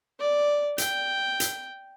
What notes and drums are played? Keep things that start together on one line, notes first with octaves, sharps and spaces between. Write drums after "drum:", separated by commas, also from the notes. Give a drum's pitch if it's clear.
D5
G5, drum: hi-hat
drum: hi-hat